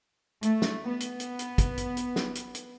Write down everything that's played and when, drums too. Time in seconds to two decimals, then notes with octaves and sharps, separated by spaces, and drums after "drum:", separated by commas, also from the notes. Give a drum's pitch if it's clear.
0.43 A3, drum: hi-hat
0.62 drum: snare
0.88 B3
1.00 drum: hi-hat
1.20 drum: hi-hat
1.39 drum: hi-hat
1.58 drum: kick, hi-hat
1.78 drum: hi-hat
1.97 drum: hi-hat
2.16 drum: snare
2.35 drum: hi-hat
2.55 drum: hi-hat